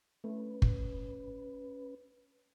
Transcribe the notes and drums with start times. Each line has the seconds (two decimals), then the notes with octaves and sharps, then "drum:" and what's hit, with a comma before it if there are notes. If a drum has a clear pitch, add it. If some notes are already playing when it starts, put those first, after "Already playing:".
0.24 A3 C#4 B4
0.62 drum: kick